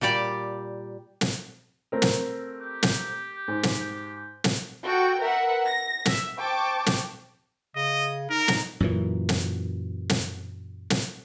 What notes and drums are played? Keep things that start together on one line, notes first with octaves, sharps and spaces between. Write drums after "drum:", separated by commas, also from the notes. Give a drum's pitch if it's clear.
A#2 G3 G4 D5
drum: snare
A3 C4 A#4
drum: snare
G4
drum: snare
G#2
drum: snare
drum: snare
F#4 A4 G5
A#4 B4 E5 F#5
A#6
E5, drum: snare
C5 G5 A5 C#6 D6
drum: snare
C#3 D#5
D#4 A#4
drum: snare
F#2 A#2 E3
drum: snare
drum: snare
drum: snare